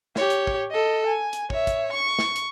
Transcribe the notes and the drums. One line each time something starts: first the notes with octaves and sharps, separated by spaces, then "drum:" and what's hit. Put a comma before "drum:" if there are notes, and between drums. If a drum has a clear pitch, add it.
G4 C#5, drum: snare
drum: hi-hat
drum: kick
A4 D#5
G#5
drum: hi-hat
C#5 E5, drum: kick
drum: kick, hi-hat
C#6
drum: snare
drum: hi-hat